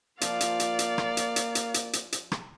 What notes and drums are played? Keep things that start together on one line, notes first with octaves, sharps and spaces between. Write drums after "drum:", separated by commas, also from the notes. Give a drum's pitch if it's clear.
F3 A#3 F4 D5 F5, drum: hi-hat
drum: hi-hat
drum: hi-hat
drum: hi-hat
drum: rim click
drum: hi-hat
drum: hi-hat
drum: hi-hat
drum: hi-hat
drum: hi-hat
drum: hi-hat
drum: rim click